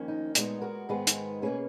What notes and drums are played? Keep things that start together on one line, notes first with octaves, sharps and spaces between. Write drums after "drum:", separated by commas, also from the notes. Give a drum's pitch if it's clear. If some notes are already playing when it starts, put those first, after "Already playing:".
Already playing: F2 D#3 A#3 C#4
D#4
A#2 G#3 B3 D#4 F#4, drum: hi-hat
F#4 A#4
G#2 D#3 G#3 B3 G#4 B4
drum: hi-hat
B2 A#3 C#4 G#4 B4